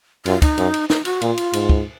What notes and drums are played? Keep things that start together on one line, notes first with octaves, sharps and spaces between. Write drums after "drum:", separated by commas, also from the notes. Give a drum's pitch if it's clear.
F#2 F4, drum: cymbal
D#4, drum: kick, cymbal
F#2, drum: cymbal
drum: cymbal
D#4, drum: snare
F#4, drum: cymbal
A#2 F4, drum: cymbal
drum: cymbal
G#2, drum: cymbal
drum: kick